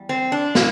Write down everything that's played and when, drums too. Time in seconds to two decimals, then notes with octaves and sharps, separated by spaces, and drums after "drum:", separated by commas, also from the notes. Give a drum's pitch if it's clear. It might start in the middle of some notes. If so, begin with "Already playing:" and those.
Already playing: E2 G3
0.09 C4
0.32 D4
0.55 A2 A#3, drum: snare